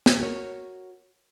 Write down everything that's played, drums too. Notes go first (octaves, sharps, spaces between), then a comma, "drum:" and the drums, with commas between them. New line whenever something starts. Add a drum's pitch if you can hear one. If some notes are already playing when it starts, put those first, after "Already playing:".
drum: snare
F#4 A#4 C#5